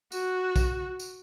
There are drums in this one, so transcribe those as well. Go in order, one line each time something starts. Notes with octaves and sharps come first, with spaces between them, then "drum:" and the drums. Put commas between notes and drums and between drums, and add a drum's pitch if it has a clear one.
F#4, drum: tambourine
drum: kick, tambourine
drum: tambourine